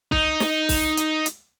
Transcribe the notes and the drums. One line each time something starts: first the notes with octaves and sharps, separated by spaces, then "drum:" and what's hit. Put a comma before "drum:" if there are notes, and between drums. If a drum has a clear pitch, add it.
D#4, drum: kick C2
drum: snare
drum: kick C2, open hi-hat
drum: hi-hat
drum: hi-hat